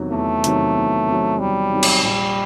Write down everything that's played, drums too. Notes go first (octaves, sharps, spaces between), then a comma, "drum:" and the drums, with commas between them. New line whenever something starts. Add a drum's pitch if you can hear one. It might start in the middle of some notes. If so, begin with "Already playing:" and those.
Already playing: E2 C3 D#3 F#3
E2 A3
C3 D#3 F#3, drum: hi-hat
E2
C3 D#3 F#3
E2 G3
C3 D#3 F#3
drum: cymbal
A#1 G3